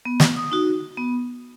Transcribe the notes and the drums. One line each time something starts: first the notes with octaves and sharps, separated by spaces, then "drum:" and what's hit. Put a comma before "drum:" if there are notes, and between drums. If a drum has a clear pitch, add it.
B3
drum: snare
D#6
D#4 F#4
B3